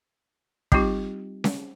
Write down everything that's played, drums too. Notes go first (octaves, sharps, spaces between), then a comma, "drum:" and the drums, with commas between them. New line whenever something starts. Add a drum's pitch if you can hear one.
G3 C4 D#4 F4 G4, drum: kick
drum: snare C#4